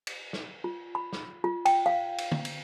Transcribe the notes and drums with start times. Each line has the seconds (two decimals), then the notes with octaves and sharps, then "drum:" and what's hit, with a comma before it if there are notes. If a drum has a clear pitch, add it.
0.07 drum: cymbal
0.33 drum: snare
0.64 F4
0.95 B5
1.13 drum: snare
1.44 F4
1.65 G5, drum: cymbal
1.86 F5
2.18 drum: cymbal
2.32 drum: tom
2.45 drum: cymbal